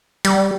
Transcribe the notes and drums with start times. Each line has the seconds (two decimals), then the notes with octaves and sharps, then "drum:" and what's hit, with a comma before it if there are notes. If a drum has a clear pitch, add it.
0.25 G3, drum: hi-hat